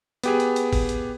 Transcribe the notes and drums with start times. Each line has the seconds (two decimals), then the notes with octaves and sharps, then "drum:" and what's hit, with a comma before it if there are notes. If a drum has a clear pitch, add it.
0.23 B3 G4 G#4, drum: hi-hat
0.40 drum: hi-hat
0.56 drum: hi-hat
0.73 drum: kick, open hi-hat
0.89 drum: hi-hat